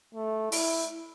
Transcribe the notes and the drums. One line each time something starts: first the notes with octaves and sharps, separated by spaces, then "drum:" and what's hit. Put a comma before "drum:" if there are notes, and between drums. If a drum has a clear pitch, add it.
A3
E4, drum: open hi-hat